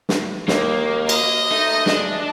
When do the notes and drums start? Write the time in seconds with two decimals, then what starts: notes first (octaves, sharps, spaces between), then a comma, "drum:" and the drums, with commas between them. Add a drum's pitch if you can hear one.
0.09 drum: snare
0.48 D#2 A#3, drum: snare
1.09 D#5, drum: cymbal
1.51 A3 D#4
1.86 G#3 D4, drum: snare